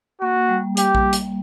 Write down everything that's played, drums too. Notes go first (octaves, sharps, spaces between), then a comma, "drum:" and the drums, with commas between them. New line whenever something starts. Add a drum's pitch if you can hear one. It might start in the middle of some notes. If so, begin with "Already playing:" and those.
A#3 F#4
G3
G4, drum: hi-hat
drum: kick A#1
drum: hi-hat